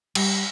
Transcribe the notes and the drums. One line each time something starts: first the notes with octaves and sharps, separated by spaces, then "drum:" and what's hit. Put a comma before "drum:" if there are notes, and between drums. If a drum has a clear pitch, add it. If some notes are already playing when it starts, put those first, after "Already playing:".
G3, drum: cymbal